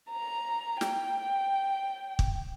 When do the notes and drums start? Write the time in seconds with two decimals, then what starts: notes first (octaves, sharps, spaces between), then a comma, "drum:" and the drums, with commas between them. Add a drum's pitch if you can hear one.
0.10 A#5
0.81 G5, drum: snare
2.19 drum: kick